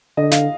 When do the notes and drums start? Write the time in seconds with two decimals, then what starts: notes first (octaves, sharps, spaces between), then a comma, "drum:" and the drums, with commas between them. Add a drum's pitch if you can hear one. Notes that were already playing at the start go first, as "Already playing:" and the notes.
0.17 D3 D#5
0.31 F5, drum: snare